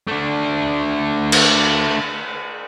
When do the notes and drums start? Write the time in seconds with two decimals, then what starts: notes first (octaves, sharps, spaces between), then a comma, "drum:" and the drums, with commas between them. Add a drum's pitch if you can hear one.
0.07 A3 D4
1.32 drum: cymbal